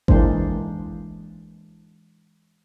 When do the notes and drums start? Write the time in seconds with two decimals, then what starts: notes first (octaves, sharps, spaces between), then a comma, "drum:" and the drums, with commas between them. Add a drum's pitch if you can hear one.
0.08 E3 G#3 A#3 D4 C5, drum: kick G#1